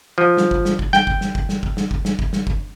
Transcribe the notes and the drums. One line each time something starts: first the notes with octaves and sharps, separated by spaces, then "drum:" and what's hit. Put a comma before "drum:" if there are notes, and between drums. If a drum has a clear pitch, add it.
F3
drum: snare
drum: kick F#1
drum: snare
drum: kick F#1
G5, drum: snare
drum: kick F#1
drum: snare
drum: kick F#1
drum: snare
drum: kick F#1
drum: snare
drum: kick F#1
drum: snare
drum: kick F#1
drum: snare
drum: kick F#1